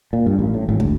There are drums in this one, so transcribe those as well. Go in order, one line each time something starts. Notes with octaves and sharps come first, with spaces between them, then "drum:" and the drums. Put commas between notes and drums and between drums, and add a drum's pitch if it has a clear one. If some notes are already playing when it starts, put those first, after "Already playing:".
A#2
G2
A1
A2
G#1
D2, drum: kick